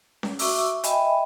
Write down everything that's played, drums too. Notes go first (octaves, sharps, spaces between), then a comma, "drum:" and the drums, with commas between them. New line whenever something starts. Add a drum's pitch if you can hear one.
drum: snare C#4
F#4 E5 C#6 D6 E6, drum: open hi-hat
D#5 E5 G5 G#5 B5, drum: hi-hat